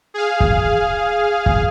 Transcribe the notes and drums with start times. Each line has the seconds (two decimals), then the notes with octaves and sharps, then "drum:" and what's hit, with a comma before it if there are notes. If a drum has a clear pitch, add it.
0.14 G#4 F5
0.40 drum: kick
1.46 drum: kick